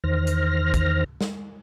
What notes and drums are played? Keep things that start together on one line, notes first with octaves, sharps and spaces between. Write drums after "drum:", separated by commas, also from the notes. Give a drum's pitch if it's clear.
E2 D#3 C5 F6 A#6
drum: hi-hat
drum: kick, hi-hat
drum: snare